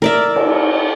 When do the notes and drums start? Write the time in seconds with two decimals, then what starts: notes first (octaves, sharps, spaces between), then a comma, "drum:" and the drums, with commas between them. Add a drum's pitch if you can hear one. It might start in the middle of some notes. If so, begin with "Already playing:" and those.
0.02 A#4 D5 E5
0.36 drum: cymbal